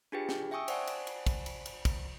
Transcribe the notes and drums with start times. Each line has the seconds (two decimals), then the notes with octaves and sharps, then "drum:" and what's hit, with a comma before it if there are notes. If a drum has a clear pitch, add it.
0.12 D4 F4 G4 G#4 B4 G5
0.29 drum: snare
0.51 E5 G5 G#5 C#6 D#6 E6
0.68 C5 D5 F#5 G#5 A5, drum: cymbal
0.87 drum: cymbal
1.07 drum: cymbal
1.26 drum: kick, cymbal
1.46 drum: cymbal
1.66 drum: cymbal
1.85 drum: kick, cymbal